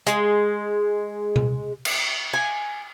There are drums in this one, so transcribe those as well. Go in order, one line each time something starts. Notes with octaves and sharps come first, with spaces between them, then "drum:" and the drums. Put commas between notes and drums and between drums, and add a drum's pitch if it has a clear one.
G#3, drum: hi-hat
drum: tom B2
drum: cymbal
G#5